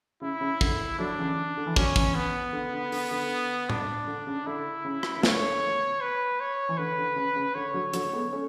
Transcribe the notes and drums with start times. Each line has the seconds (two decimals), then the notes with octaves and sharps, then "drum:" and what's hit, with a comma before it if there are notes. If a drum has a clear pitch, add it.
0.21 C#3 E4
0.41 C#3
0.61 D3, drum: kick
0.98 D3 F#3 D4
1.14 D3
1.18 C#3 E3
1.57 D3
1.67 E3
1.76 D3 F#3 C#4, drum: kick
1.96 C#3 E3, drum: kick
2.15 B3
2.53 D3
2.73 D3
2.92 D3, drum: open hi-hat
3.11 D3
3.70 D4, drum: tom A2
4.07 D3
4.27 C#3
4.47 D3 E4
4.85 C#3
5.03 drum: rim click
5.17 C#3
5.23 D3 C#5, drum: snare
6.01 B4
6.40 C#5
6.69 E3
6.78 D3 B4
6.98 D3
7.16 C#3
7.36 C#3
7.55 D3 C#5
7.74 D3 F#3
7.93 D3 F#3, drum: hi-hat
8.04 A3
8.13 G#3 B3
8.32 A3 C#4